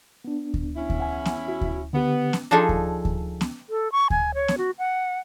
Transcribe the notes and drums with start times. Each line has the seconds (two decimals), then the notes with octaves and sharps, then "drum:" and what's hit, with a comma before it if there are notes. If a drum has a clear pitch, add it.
0.25 B3 D4
0.54 drum: kick D2
0.76 E2 C#4 E4
0.90 drum: kick D2
1.00 F#5 G#5
1.25 drum: snare B3
1.48 F#4
1.61 drum: kick D2
1.93 D3 B3 G4
2.33 drum: snare B3
2.51 F3 D4 D#4 G#4 A4 G#5
2.69 drum: kick D2
3.05 drum: kick D2
3.41 drum: snare B3
3.70 A4
3.92 C#6
4.10 G#5, drum: kick D2
4.35 C#5
4.48 drum: snare B3
4.58 F#4
4.79 F#5